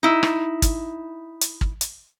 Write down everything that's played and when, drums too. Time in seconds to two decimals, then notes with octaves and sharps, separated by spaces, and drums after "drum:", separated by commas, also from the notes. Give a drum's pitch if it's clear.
0.03 D#4 E4
0.23 drum: rim click
0.62 drum: kick, hi-hat
1.41 drum: hi-hat
1.61 drum: kick
1.81 drum: hi-hat